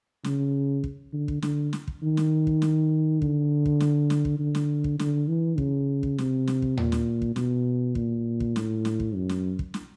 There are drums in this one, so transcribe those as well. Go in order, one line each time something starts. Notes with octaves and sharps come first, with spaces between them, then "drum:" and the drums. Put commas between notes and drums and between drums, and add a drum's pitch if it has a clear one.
C#3, drum: snare
drum: kick
D3
drum: kick
D3, drum: snare
drum: snare
drum: kick
D#3
drum: snare
drum: kick
drum: snare
D3, drum: kick
drum: kick
drum: snare
drum: snare
drum: kick
D3
drum: snare
drum: kick
D3, drum: snare
E3
C#3, drum: kick
drum: kick
C3, drum: snare
drum: snare
drum: kick
A#2, drum: tom D#2
drum: snare
drum: kick
B2, drum: snare
A#2, drum: kick
drum: kick
A2, drum: snare
drum: snare
drum: kick
F#2
drum: snare
drum: kick
drum: snare